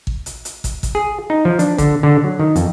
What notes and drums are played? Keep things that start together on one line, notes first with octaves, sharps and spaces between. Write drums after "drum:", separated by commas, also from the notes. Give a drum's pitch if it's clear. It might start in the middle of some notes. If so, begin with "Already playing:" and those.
drum: kick
drum: hi-hat
drum: hi-hat
drum: kick, hi-hat
drum: kick, hi-hat
G#4
D#4
F3
D4, drum: hi-hat
D3, drum: kick, hi-hat
D3
F#3
D#3
F2, drum: hi-hat